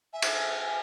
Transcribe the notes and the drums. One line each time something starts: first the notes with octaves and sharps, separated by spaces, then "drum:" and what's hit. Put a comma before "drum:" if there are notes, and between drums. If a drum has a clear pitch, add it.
E5 G#5
drum: cymbal